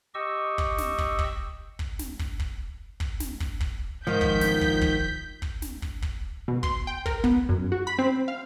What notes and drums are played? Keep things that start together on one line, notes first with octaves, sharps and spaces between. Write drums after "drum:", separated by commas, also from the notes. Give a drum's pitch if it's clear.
G4 D#5 C#6 E6
drum: kick
drum: snare
drum: kick
drum: kick
drum: kick
drum: snare
drum: kick
drum: kick
drum: kick
drum: snare
drum: kick
drum: kick
G#2 D#3 F3 D#4 G6 B6
drum: kick
drum: snare
drum: kick
drum: kick
drum: kick
drum: snare
drum: kick
drum: kick
B2
C6, drum: kick
G5
A#4, drum: kick
B3, drum: kick
F#2
F#4
B5
C4
F5